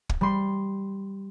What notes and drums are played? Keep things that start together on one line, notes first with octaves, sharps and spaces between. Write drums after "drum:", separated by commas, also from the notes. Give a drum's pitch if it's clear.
drum: kick
G3 C6